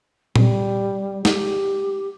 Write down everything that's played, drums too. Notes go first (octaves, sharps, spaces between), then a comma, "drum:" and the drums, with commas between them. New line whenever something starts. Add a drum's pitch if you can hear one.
G3, drum: tom A#2
G4, drum: snare